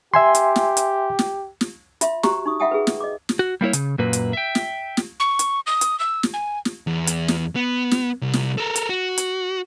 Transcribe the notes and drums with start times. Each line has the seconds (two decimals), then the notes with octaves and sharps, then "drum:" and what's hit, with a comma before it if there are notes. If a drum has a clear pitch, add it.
0.14 G4 E5 G#5 C6
0.35 drum: hi-hat
0.56 drum: snare
0.77 drum: hi-hat
1.19 drum: snare
1.61 drum: snare
2.01 F4 E5 C6, drum: hi-hat
2.23 F#4 G4 C5 A#5 C#6, drum: snare
2.46 D#4 C#6 D#6
2.60 F4 E5 F#5 G5 A5 D#6
2.71 G#4 B4
2.87 drum: snare
3.01 D#5 D6
3.29 drum: snare
3.39 F#4
3.61 G3 A#3 E4 C#5
3.73 C#3, drum: hi-hat
3.98 F#2 A#2 A#3 B4
4.13 drum: hi-hat
4.33 E5 G5
4.55 drum: snare
4.97 drum: snare
5.20 C#6
5.39 drum: hi-hat
5.67 D#6
5.81 drum: hi-hat
6.00 E6
6.23 drum: snare
6.34 G#5
6.65 drum: snare
6.87 E2
7.07 drum: hi-hat
7.28 drum: snare
7.56 B3
7.91 drum: snare
8.22 C2
8.33 drum: snare
8.58 A4 A#4
8.76 drum: hi-hat
8.89 F#4
9.18 drum: hi-hat